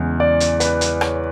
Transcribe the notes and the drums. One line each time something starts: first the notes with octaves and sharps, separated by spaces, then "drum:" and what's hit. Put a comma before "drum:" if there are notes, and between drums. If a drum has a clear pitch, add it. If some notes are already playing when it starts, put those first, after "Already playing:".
Already playing: E2 C#3 E3 G#3
D5
drum: hi-hat
B4, drum: hi-hat
drum: hi-hat
C#5, drum: rim click